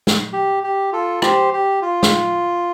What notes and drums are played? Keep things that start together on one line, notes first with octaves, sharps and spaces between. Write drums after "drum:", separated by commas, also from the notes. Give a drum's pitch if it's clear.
drum: snare
G4
G4
F4 A4
G4 C5, drum: rim click
G4
F4
drum: snare